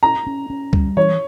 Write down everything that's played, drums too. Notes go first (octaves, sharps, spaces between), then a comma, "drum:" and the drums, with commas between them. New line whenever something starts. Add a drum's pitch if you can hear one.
C#4 A#5
C#4
C#4
G3, drum: kick C#2
E3 C#5